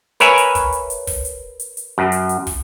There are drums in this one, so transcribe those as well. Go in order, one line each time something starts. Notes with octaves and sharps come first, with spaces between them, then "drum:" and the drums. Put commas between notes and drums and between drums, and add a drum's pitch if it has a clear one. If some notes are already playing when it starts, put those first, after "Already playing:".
A#4 B4 C#5 E5 G#5, drum: hi-hat
drum: hi-hat
drum: kick, hi-hat
drum: hi-hat
drum: hi-hat
drum: kick, open hi-hat
drum: hi-hat
drum: hi-hat
drum: hi-hat
F#2
drum: hi-hat
drum: hi-hat
drum: kick, open hi-hat